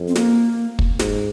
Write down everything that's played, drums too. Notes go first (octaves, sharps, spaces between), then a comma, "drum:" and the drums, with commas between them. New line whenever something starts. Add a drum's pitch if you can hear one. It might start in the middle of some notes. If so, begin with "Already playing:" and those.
Already playing: F2
C4
A#3, drum: snare
drum: kick
G#2, drum: snare